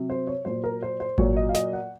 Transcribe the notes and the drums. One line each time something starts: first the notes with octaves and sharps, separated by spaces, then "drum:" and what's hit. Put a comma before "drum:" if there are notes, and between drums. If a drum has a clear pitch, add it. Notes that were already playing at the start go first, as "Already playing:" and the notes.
Already playing: C3 F#3
C5
C#5
A#2 F#3 C5
A#4
C5
C5
A#2 F#3 C#5, drum: kick G#1
D#5
F5
D#5, drum: snare
F#5